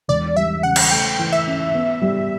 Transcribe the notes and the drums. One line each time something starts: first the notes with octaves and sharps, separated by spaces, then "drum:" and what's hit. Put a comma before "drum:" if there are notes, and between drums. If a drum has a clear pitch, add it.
E1 D5
G3 E5
C#3 F#5
drum: cymbal
A3 G5
E3
E5
C#4
B3
G3